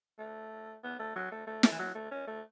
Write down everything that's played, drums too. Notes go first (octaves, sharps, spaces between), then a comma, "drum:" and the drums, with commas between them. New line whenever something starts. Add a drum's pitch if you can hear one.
A3
B3
A3
F#3
A3
A3
A3, drum: snare
E3
F#3
A3
C#4
A3